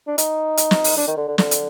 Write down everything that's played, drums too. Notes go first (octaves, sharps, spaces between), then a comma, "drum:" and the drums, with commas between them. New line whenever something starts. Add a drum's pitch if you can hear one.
D4
D#4, drum: hi-hat
drum: hi-hat
drum: snare
drum: open hi-hat
D4
D#3
D3
D3
D3, drum: snare
drum: hi-hat